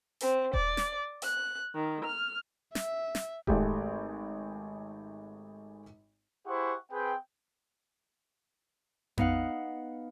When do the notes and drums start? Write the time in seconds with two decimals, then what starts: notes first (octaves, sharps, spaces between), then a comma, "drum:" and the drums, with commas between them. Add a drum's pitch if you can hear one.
0.20 C4, drum: hi-hat
0.53 D5, drum: kick D#1
0.77 drum: snare
1.22 F#6, drum: hi-hat
1.74 D#3
2.06 F6
2.75 E5, drum: snare
3.15 drum: snare
3.47 G#1 G#3 A3 G4, drum: kick D#1
6.46 E4 G4 G#4 C5 F#5 C#6
6.91 C4 G#4 B4 G5
9.17 B3 D#4 F5 F#5, drum: tom F2